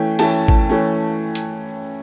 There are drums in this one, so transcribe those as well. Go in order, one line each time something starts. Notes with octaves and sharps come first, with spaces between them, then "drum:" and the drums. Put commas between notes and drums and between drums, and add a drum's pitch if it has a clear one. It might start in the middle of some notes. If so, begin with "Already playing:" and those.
Already playing: E3 A3 C#4 G5
E3 A3 C#4 A5, drum: cymbal
drum: kick
E3 A3 C#4
drum: hi-hat